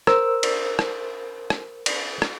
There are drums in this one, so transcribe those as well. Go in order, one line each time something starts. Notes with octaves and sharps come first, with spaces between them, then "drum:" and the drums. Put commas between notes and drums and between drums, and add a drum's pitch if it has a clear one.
A#4 C5 E6, drum: rim click
drum: cymbal
drum: rim click
drum: rim click
drum: cymbal
drum: rim click